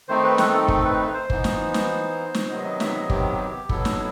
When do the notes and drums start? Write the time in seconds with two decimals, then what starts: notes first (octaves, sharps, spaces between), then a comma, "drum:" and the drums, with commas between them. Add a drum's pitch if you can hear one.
0.08 D#3 A3 C4 D#4 C5
0.24 B4
0.38 A4, drum: snare
0.54 A4
0.68 A4, drum: kick
0.84 B4
1.14 C5
1.30 E3 B3 D#4, drum: kick
1.44 drum: snare
1.74 drum: snare
2.34 drum: snare
2.49 C3 D#3 F#3 B3 D#5
2.64 D#5
2.80 E5, drum: snare
2.94 D#5
3.10 G4, drum: kick
3.39 G4
3.69 B2 F#3 B3 E4 A4, drum: kick
3.85 drum: snare